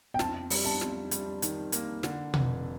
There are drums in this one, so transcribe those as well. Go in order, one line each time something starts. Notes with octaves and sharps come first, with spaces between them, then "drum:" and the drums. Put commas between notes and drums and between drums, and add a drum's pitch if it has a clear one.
G5
F2 A5, drum: snare
G3, drum: open hi-hat
A5
F2, drum: snare
G3, drum: hi-hat
D#3, drum: hi-hat
A#3, drum: hi-hat
D3, drum: snare
F1, drum: tom B2